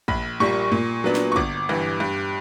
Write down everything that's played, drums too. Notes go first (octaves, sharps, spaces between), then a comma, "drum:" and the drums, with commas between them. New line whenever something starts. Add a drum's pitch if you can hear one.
A#1 B5, drum: kick
A#2 G3 A#3 C#6
A#2
F#3 B3 D4
drum: snare
C#6
G1 D6, drum: kick
G2 E3
G2